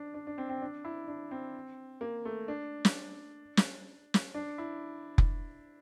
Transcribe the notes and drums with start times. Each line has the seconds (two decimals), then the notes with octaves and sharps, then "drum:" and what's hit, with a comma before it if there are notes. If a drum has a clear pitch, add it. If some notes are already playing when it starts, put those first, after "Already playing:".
Already playing: D4
0.14 D4
0.27 D4
0.38 C4
0.49 C4
0.62 D4
0.85 E4
1.08 D4
1.31 C4
2.01 A#3
2.25 A3
2.48 D4
2.85 drum: snare
3.57 drum: snare
4.14 drum: snare
4.35 D4
4.58 E4
5.18 drum: kick F1